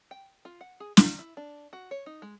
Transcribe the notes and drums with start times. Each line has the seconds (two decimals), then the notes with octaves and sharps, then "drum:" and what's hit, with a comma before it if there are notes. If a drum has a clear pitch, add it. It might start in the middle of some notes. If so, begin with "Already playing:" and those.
0.11 G5
0.45 F4
0.61 F#5
0.80 G#4
0.97 F5, drum: snare
1.19 E4
1.37 D4
1.73 F#4
1.91 C#5
2.06 D#4
2.22 G#3